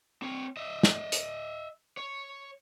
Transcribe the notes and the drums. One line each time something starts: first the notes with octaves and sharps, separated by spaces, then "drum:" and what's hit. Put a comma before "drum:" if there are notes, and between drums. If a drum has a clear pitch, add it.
C4 C#5
D#5 E5
drum: snare
drum: hi-hat
C#5